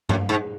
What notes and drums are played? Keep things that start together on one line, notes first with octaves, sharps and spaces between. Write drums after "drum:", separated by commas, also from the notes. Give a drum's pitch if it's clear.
F#2, drum: tom G2
G#2